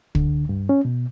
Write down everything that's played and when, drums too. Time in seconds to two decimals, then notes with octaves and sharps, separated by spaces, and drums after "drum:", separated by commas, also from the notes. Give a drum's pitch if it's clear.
0.15 D3, drum: kick
0.49 G2
0.69 C#4
0.85 B2